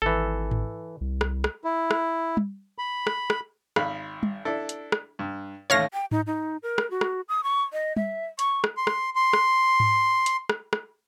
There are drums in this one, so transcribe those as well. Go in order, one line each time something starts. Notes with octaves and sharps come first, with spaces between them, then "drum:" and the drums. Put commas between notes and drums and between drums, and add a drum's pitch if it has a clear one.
G#1 E3 A4
drum: tom G#2
C2
drum: rim click
drum: rim click
E4
drum: rim click
drum: tom G3
B5
drum: rim click
drum: rim click
G#1 F5 B5, drum: rim click
drum: tom G3
D4 E4 A4
drum: hi-hat
drum: rim click
G2
A1 D#2 A3 C#5 F5 A#6
G5
D#4, drum: tom G#2
D#4
A#4
drum: rim click
F#4
drum: rim click
D#6
C#6
D#5
E5, drum: tom G3
C#6, drum: hi-hat
drum: rim click
C6
drum: rim click
C6
drum: rim click
drum: tom G#2
drum: hi-hat
drum: rim click
drum: rim click